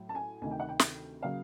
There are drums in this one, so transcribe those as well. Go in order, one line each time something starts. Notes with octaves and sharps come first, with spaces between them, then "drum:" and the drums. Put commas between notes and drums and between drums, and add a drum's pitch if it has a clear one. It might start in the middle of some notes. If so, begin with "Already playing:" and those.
Already playing: A2 F#3
A5
G#5
D2 C3 D#3 G#5
G5
F#5
G5
drum: snare
C#3 F#3 A#3 F5